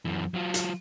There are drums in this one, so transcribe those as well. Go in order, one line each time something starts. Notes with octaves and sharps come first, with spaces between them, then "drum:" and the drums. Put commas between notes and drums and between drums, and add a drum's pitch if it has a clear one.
F#2 E3
F#3 F4
drum: hi-hat